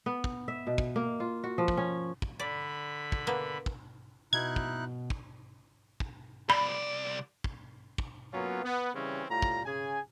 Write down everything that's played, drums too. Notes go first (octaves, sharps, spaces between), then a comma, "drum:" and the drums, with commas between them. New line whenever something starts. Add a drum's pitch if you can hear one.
B3
drum: kick
E5
B2
drum: kick
A#3
F4
F#4
F3
drum: kick
C#4
drum: kick
D3 D5 B5
drum: kick
A#3 B3
drum: kick
B2 D#4 E4 F#6 G#6
drum: kick
drum: kick
drum: kick
C2 D5 B5
drum: kick
drum: kick
F#3 A#3 B3 C#4 F4
B3
C#3 E3 G3 C4 C#4
A2 G3 F4 A#5
drum: kick
C#3 G#4 G#5